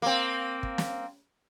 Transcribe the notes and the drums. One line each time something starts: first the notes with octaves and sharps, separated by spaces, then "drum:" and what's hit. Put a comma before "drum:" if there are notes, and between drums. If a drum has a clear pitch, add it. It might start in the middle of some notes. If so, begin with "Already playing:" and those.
A#3 C4
drum: kick
drum: snare